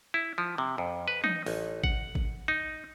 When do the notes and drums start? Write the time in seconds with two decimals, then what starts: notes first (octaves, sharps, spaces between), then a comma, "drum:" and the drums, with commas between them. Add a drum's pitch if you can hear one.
0.14 E4
0.38 F3
0.58 C3
0.78 F2
1.08 B4
1.24 D#4, drum: tom E3
1.46 A1, drum: open hi-hat
1.84 F#5, drum: kick G#1
2.15 drum: kick G#1
2.48 D#4